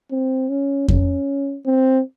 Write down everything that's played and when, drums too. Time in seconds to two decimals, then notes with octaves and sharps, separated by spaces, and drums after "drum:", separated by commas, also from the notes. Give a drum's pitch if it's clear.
0.11 C4
0.49 C#4
0.88 C#4, drum: kick F2
1.66 C4